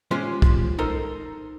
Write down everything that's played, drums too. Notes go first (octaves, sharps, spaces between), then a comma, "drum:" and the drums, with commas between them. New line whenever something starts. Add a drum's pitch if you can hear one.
G#3 C#4 F4 G4 C5
drum: kick
D#4 A4 A#4 C5